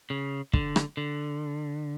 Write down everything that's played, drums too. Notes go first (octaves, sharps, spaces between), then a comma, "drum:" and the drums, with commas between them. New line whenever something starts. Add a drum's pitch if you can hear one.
C#3
D3, drum: kick
drum: rim click
D3